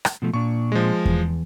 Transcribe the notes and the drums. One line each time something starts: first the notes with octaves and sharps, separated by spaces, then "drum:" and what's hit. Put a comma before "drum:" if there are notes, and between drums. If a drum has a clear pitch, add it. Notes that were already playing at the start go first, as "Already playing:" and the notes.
drum: rim click
B2 F3 A3
A#2 D4 C#6
F3 G#3
E2, drum: kick E2